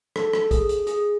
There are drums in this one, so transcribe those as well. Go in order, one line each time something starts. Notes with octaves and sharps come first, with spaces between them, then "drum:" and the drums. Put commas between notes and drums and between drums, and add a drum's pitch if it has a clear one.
A4, drum: rim click
drum: rim click
G#4, drum: kick, hi-hat
drum: hi-hat
G#4, drum: hi-hat